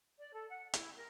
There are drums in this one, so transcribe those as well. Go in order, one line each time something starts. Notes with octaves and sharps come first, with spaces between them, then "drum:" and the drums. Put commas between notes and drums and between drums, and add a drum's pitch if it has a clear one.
D5
A4
F#5
E4, drum: hi-hat
A#4